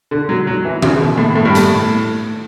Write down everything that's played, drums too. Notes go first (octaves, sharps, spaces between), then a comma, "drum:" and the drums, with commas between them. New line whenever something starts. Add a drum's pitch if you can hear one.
D3
F#3
F#3
E3
C#3, drum: tom D#3
B2
A2
A2
G2
A2, drum: hi-hat